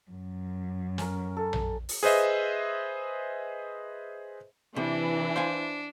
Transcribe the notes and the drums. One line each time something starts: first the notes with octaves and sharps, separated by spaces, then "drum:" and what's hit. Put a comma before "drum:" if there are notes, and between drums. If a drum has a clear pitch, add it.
F#2
C#4 A#4, drum: snare
A4
drum: tom A#1
drum: open hi-hat
G#4 B4 C5 D#5 E5
C3 E3 D4
C5 F5 G#5